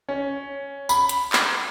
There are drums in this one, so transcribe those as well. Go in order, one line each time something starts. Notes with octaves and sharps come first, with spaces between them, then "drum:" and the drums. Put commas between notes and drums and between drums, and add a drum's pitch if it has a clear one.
C#4
B5, drum: tambourine
drum: hi-hat
drum: clap